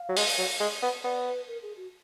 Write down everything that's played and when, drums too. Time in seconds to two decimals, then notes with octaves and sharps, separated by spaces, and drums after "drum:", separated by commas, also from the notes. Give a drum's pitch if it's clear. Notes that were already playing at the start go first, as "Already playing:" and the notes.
Already playing: F5
0.09 F#3
0.16 G#3, drum: open hi-hat
0.38 F#3
0.60 G#3
0.82 B3
1.04 B3 D5
1.26 B4
1.48 A#4
1.63 G#4
1.77 F#4